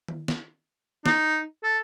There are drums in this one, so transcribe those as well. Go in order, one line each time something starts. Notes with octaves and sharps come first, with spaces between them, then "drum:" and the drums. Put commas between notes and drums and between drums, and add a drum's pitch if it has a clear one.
drum: tom D#3
drum: snare
D#4, drum: snare
A4